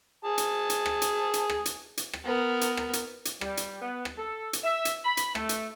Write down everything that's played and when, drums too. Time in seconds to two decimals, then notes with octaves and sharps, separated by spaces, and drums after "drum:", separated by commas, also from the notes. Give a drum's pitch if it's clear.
0.25 G#4 A5
0.38 drum: hi-hat
0.70 drum: hi-hat
0.86 drum: rim click
1.02 drum: hi-hat
1.34 drum: hi-hat
1.50 drum: rim click
1.65 drum: hi-hat
1.97 drum: hi-hat
2.13 drum: rim click
2.25 B3 A#4
2.61 drum: hi-hat
2.77 drum: rim click
2.93 drum: hi-hat
3.25 drum: hi-hat
3.41 G3, drum: rim click
3.57 drum: hi-hat
3.81 B3
4.05 drum: rim click
4.18 A4
4.53 drum: hi-hat
4.63 E5
4.85 drum: hi-hat
5.04 B5
5.17 drum: hi-hat
5.35 A3, drum: rim click
5.49 drum: hi-hat